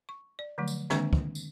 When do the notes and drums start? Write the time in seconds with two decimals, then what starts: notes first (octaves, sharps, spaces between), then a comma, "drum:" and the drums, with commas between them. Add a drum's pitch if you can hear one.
0.09 C#6
0.39 D5
0.58 D3 F3 F#3 A3
0.68 drum: tambourine
0.90 D3 D#3 G#3 A#3 C4 D4, drum: snare
1.13 drum: kick
1.35 drum: tambourine